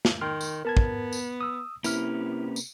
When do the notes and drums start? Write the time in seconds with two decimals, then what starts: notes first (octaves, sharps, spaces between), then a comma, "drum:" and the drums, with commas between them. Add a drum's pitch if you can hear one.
0.05 drum: snare
0.21 D#3 G5 C6 F6
0.41 drum: tambourine
0.65 B3 A#4 A5 G#6
0.77 drum: kick
1.13 drum: tambourine
1.41 D#6 E6
1.84 C3 A#3 C#4 E4 B4 F6, drum: tambourine
2.56 drum: tambourine